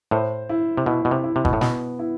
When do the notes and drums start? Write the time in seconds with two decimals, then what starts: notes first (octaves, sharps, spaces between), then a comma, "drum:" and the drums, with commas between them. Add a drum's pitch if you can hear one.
0.11 A2 C5
0.49 E4
0.77 C3
0.86 B2 E4
1.05 B2
1.11 C3
1.24 E4
1.36 C3
1.45 B2, drum: kick G1
1.53 A2
1.61 B2 B3, drum: snare
1.99 E4